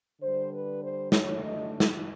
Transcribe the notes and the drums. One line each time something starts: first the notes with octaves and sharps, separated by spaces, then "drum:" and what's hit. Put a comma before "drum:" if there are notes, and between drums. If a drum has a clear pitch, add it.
D3 G3 C5
B4
C5
D3 F#3 A3 C#5, drum: snare
D#5
drum: snare